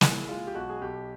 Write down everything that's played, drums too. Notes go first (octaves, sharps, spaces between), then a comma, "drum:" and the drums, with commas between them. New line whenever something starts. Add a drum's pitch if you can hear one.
G#3 E4, drum: snare
G#3 F4
G4
B1 F#4
G#4
B1 G4